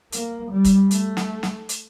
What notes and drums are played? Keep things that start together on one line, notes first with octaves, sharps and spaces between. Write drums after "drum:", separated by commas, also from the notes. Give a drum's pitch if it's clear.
A#3, drum: hi-hat
G3
drum: kick, hi-hat
A3, drum: hi-hat
drum: snare
drum: snare
drum: hi-hat